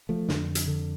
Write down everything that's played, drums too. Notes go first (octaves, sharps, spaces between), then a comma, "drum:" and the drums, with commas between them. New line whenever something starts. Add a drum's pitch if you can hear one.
F3 A3
F2 D3, drum: snare
drum: hi-hat
D3